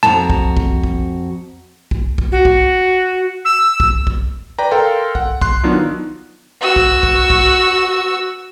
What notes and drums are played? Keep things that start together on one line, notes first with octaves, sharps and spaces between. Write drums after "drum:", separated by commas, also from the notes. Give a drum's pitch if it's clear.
F2 F#4 A5 A#5
drum: kick
drum: kick
drum: kick
drum: kick
drum: kick
F#4
drum: kick
E6
drum: kick
drum: kick
B4 D5 G5 A#5
A4 A#4 F5 G5 C6
F#5, drum: kick
C6 F#6, drum: kick
D#3 F#3 B3 D4 D#4 F4
F#4 E6
drum: kick
drum: kick
drum: kick